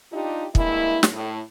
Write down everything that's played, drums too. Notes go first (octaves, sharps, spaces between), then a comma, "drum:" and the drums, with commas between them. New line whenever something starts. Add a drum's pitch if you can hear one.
D4 D#4 F4 G4
G2 G#3 A#3 E4, drum: kick
drum: snare
A2